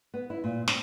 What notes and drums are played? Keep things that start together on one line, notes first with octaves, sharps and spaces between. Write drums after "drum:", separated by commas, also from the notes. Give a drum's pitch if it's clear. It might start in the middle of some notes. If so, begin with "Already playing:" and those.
B3
E4
A#2
C4, drum: snare